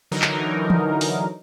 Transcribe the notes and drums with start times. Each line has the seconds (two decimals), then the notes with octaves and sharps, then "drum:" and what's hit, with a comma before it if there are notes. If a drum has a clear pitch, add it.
0.11 D3 E3 F#3 D#4 A#4
0.22 drum: clap
0.70 drum: tom E3
1.01 drum: open hi-hat